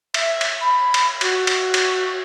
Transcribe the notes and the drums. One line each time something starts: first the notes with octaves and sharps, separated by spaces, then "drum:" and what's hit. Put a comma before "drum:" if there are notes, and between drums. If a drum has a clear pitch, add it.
E5, drum: cymbal
drum: cymbal
B5
drum: cymbal
F#4, drum: cymbal
F#4
drum: cymbal
drum: cymbal